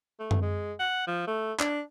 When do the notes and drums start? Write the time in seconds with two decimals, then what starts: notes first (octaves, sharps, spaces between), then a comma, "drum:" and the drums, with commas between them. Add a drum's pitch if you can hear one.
0.19 A3
0.31 drum: tom F#2
0.42 G#3
0.79 F#5
1.07 F3
1.27 A3
1.60 D4, drum: clap